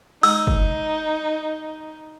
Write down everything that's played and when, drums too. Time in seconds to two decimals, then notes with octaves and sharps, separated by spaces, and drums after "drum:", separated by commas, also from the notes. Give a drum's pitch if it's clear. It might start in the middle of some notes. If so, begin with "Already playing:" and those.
0.23 D#4 E6, drum: open hi-hat
0.47 drum: kick